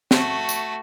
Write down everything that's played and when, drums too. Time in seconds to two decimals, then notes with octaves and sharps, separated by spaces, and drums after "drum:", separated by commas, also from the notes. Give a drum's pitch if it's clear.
0.11 A3 F#4, drum: snare
0.49 drum: tambourine